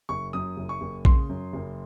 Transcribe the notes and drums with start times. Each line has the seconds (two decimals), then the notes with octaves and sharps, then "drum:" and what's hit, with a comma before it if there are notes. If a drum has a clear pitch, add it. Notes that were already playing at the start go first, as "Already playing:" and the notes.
0.09 F#1 C#6
0.33 F#2 D#6
0.57 F#1
0.69 C#6
0.81 F#1
1.05 C#3 C6, drum: kick A#1
1.29 F#2
1.53 F#1